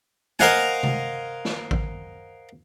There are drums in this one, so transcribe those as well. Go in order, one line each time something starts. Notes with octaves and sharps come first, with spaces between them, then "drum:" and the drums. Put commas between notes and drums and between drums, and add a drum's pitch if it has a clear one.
A#4 C5 D#5 F5 F#5 G#5, drum: snare
drum: tom C3
drum: snare
drum: kick A1